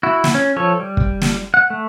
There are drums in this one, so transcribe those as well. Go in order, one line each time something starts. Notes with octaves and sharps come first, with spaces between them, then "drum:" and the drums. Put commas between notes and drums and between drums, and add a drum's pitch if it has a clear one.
E4 F#4
drum: snare
C#4
F3 A4 C#5
G3
drum: kick
drum: snare
F#5
A3